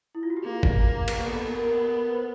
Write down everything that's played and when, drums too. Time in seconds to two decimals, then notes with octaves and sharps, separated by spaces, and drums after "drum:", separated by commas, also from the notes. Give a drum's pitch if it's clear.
0.15 E4
0.23 F4
0.30 F#4
0.37 G4
0.44 A#3 G#4
0.63 drum: kick A1
1.08 drum: cymbal
1.26 B3 A4
1.38 A4
1.48 A#4
1.58 A#4
2.09 B4
2.16 C5